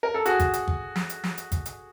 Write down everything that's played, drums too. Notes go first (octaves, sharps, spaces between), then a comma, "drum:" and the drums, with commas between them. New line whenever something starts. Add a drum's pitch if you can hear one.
A#4
A4
F#4 G#4, drum: hi-hat
drum: kick, hi-hat
drum: hi-hat
drum: kick
drum: snare
drum: hi-hat
drum: snare
drum: hi-hat
drum: kick, hi-hat
drum: hi-hat